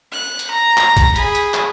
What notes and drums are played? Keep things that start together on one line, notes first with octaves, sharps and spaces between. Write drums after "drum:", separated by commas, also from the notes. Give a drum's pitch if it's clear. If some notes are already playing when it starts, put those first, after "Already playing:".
F#6
drum: hi-hat
A#5
drum: clap
drum: kick, hi-hat
G#4 B5, drum: hi-hat
drum: hi-hat
drum: clap